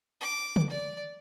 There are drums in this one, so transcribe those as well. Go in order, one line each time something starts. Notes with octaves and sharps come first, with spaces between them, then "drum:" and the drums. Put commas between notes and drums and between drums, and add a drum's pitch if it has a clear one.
D6
drum: tom
D5